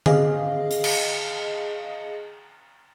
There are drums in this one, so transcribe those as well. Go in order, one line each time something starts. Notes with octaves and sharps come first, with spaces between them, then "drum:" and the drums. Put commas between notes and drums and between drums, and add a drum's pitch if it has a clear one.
G#4 D#5 F5, drum: tom D3
drum: hi-hat
drum: cymbal